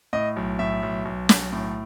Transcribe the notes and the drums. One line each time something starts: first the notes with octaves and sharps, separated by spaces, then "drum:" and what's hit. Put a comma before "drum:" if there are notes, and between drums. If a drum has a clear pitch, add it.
A2 D#5
B1
A2 E5
B1
B1
B1, drum: snare
A2